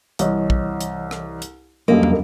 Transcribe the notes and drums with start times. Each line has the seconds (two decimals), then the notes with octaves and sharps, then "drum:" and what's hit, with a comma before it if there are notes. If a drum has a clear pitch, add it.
0.19 C2 E3 C#5 D#5, drum: hi-hat
0.50 drum: kick
0.81 drum: hi-hat
1.11 drum: rim click
1.42 drum: hi-hat
1.88 A#1 F#2 G3 A#3 A4 A#4 D#5
2.03 drum: tom